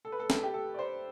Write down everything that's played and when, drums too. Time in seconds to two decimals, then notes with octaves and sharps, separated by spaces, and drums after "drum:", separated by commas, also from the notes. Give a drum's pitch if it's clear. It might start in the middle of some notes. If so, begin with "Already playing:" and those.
0.05 A4
0.12 B4
0.20 A4
0.30 A4, drum: snare
0.43 G4
0.54 A4
0.74 D5
0.79 C5